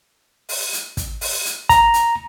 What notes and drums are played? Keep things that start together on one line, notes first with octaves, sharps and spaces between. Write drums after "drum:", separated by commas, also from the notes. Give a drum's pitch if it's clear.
drum: open hi-hat
drum: hi-hat
drum: kick, hi-hat
drum: open hi-hat
drum: hi-hat
A#5, drum: kick, hi-hat
drum: hi-hat